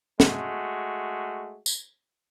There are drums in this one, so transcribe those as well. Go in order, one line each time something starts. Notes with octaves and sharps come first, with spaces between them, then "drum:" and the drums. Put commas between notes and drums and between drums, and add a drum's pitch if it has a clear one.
G#3 A3 F#4, drum: snare
drum: tambourine